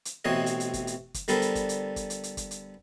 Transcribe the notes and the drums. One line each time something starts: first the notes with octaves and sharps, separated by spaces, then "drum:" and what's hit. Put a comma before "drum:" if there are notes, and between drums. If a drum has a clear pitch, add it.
drum: hi-hat
A1 B2 E3 C4 C#5 D#5
drum: hi-hat
drum: hi-hat
drum: kick, hi-hat
drum: hi-hat
drum: kick, hi-hat
D3 G3 B3 A4 A#4 C5, drum: hi-hat
drum: hi-hat
drum: kick, hi-hat
drum: hi-hat
drum: kick, hi-hat
drum: hi-hat
drum: hi-hat
drum: kick, hi-hat
drum: hi-hat